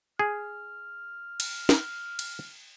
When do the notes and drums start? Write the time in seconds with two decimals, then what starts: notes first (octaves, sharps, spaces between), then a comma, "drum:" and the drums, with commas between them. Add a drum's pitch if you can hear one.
0.19 G#4 F6
1.40 drum: cymbal
1.69 drum: snare
2.19 drum: cymbal